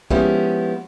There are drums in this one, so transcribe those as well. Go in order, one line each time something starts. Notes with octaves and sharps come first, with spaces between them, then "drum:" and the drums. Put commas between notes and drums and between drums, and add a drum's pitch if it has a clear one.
F3 G#3 B3 C#4 E4 G4, drum: kick